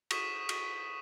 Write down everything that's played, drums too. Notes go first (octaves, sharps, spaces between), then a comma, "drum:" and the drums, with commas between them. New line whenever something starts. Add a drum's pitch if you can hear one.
C#6 D#6 B6 D#7 E7, drum: cymbal
drum: cymbal